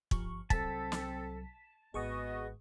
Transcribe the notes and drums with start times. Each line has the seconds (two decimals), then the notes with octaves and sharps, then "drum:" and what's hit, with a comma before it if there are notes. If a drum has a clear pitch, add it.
0.11 G1 F3 C#6, drum: kick
0.50 C2 F#3 C4 A4 A5 B6, drum: kick
0.92 drum: snare
1.94 G#1 B3 F#4 G#4 D#5 C#6 D#6